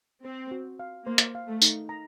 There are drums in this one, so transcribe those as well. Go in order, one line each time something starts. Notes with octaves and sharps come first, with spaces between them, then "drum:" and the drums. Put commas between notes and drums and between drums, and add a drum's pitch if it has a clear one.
C4 C5
F#4
F5
A#3 C5
drum: hi-hat
F5
A3
D#4, drum: tambourine
A#5